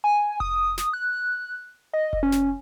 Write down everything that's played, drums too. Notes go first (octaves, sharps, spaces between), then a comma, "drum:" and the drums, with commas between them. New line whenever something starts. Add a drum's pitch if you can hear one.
G#5
D#6, drum: kick F1
drum: snare
F#6
D#5
drum: kick F1
C#4
drum: snare